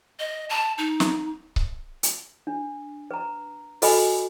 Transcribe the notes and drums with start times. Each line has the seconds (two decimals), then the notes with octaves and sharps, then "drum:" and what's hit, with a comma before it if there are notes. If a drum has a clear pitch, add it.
0.19 D#5
0.50 A5
0.78 D#4
1.00 drum: snare
1.56 drum: kick C#1
2.03 drum: hi-hat
2.47 D4
3.11 B4 A#5
3.82 F#4 A4 B4 D#5 G#5 B5, drum: open hi-hat